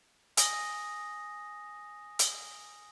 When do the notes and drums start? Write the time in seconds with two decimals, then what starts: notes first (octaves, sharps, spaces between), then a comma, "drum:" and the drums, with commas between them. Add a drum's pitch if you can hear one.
0.37 G#5 D#6 A#6, drum: hi-hat
2.19 drum: hi-hat